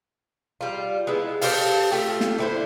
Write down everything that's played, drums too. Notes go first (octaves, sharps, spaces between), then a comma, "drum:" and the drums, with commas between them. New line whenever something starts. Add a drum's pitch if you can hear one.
G3 F4
G#3 B3 E4
G4 A4 C5 F5, drum: open hi-hat
A3 F4 G4
drum: snare
D3 E4 C5